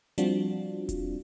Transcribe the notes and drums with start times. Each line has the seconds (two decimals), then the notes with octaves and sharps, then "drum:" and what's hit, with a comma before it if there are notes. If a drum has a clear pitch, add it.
0.18 F3 G3 C4 D4 F4 F#4, drum: hi-hat
0.89 drum: kick E1, hi-hat